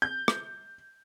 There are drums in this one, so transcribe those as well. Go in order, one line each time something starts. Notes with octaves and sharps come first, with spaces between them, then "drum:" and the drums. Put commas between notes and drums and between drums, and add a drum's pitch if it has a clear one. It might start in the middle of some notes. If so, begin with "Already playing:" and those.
G6
drum: rim click